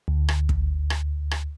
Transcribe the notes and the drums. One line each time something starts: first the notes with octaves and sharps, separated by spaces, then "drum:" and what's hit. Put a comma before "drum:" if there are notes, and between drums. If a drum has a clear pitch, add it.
D2
drum: rim click
drum: kick
drum: rim click
drum: rim click